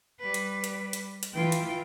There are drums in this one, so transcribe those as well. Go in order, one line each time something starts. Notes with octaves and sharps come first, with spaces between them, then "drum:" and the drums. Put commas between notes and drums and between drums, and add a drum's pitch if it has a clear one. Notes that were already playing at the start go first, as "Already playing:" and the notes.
G3 B4
drum: hi-hat
drum: hi-hat
drum: hi-hat
drum: hi-hat
E3 F4 G5
drum: hi-hat